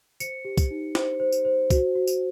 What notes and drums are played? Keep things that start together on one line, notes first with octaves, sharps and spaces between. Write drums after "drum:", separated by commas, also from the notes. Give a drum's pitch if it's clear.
C5 C#7, drum: tambourine
G4
drum: kick C2, tambourine
D#4
C5, drum: snare
C5
drum: tambourine
C5
F#4, drum: kick C2, tambourine
F#4
drum: tambourine